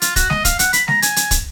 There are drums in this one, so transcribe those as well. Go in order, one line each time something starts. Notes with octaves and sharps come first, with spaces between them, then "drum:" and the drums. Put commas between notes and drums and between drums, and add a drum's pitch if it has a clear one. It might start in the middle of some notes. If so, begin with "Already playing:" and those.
F4, drum: hi-hat
F#4, drum: kick, hi-hat
D#5, drum: snare G#3
F5, drum: kick, hi-hat
F#5, drum: hi-hat
B5, drum: hi-hat
A#5, drum: snare G#3
G#5, drum: hi-hat
drum: hi-hat
drum: kick, hi-hat